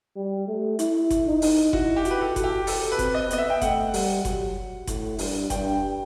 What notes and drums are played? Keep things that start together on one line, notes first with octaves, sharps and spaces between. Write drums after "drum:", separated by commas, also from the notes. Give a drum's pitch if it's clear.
G3
A3
E4, drum: hi-hat
drum: kick F#1, hi-hat
D#4
drum: open hi-hat
E4 F#4, drum: kick F#1
G4
F#4, drum: hi-hat
B4
A4
F#4, drum: kick F#1, hi-hat
G4
A4, drum: open hi-hat
B4
C4, drum: kick F#1, hi-hat
D#5
B3 D#5, drum: hi-hat
E5
G5
A3 F#5, drum: kick F#1, hi-hat
G3, drum: open hi-hat
F#3, drum: kick F#1, hi-hat
A2, drum: kick F#1, hi-hat
G2, drum: open hi-hat
G2 G5, drum: kick F#1, hi-hat
G5